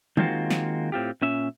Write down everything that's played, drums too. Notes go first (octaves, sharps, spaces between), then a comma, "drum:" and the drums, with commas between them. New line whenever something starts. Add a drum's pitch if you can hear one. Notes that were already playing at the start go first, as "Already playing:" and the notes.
D#3 G#3 A#3 C4 F4 F#4, drum: tom D#3
drum: snare
A2 C4 F4 G4
A#2 C#4 E5